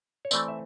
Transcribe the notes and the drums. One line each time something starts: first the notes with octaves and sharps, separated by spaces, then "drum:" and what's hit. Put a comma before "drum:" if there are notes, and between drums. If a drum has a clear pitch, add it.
C#5
E3 A3 C4 D5, drum: tambourine
E5